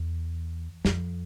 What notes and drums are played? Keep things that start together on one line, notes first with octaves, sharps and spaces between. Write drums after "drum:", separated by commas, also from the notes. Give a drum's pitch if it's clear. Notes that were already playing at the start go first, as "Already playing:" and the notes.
Already playing: E2
F2, drum: snare